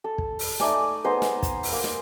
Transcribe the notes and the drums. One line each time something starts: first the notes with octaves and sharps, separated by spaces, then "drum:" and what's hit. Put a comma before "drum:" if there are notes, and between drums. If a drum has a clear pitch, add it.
A4
drum: kick
drum: open hi-hat
A3 D#4 D5 G#5, drum: snare
B3 D#4 G#4 C5
drum: snare
drum: kick, hi-hat
drum: open hi-hat
A#3
drum: snare